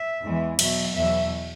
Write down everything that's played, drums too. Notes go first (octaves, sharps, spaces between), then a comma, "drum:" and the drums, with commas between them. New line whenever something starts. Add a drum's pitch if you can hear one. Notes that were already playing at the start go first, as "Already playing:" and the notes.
Already playing: E5
E2 E3 G#3
B2 F#3 E5, drum: cymbal
E2 B2 F#3 E5